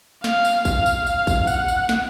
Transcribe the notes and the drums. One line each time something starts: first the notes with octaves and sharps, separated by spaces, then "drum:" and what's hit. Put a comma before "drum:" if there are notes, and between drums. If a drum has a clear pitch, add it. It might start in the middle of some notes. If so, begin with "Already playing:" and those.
F5, drum: snare
drum: tambourine
F5, drum: kick, tambourine
drum: tambourine
F5, drum: tambourine
drum: kick, tambourine
F#5, drum: tambourine
drum: tambourine
drum: snare